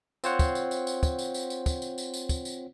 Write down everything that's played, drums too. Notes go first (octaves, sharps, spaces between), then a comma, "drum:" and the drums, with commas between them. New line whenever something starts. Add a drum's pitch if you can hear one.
C4 F4 C5 C#5 F#5, drum: tambourine
drum: kick, tambourine
drum: tambourine
drum: tambourine
drum: tambourine
drum: kick, tambourine
drum: tambourine
drum: tambourine
drum: tambourine
drum: kick, tambourine
drum: tambourine
drum: tambourine
drum: tambourine
drum: kick, tambourine
drum: tambourine